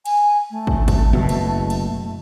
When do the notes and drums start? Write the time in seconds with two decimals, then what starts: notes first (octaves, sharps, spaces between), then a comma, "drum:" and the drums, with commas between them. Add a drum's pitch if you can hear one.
0.06 G#5, drum: cymbal
0.51 A3
0.67 drum: kick
0.88 drum: kick, cymbal
1.13 F#1 B2
1.29 drum: cymbal
1.70 drum: cymbal